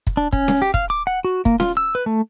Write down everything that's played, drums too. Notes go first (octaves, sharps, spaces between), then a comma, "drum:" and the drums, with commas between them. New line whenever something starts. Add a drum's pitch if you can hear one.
drum: kick
D4
C#4, drum: kick
drum: snare C#4
G4
F5, drum: kick
D6
F#5
F#4
A#3, drum: kick
F4, drum: snare C#4
E6
B4
A3